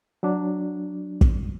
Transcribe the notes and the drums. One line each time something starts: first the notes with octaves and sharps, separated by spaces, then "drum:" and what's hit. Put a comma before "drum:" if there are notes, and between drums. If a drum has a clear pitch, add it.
F#3 D4
drum: kick